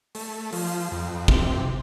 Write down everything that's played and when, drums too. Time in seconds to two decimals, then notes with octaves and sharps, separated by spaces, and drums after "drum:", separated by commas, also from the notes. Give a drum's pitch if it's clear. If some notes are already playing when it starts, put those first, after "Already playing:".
0.15 A3, drum: open hi-hat
0.53 F3, drum: open hi-hat
0.91 F2
1.28 C3, drum: kick G1